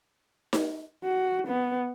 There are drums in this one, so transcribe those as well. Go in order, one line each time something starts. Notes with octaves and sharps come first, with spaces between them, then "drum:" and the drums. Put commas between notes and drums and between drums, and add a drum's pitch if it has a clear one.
drum: snare D#4
F#4
B3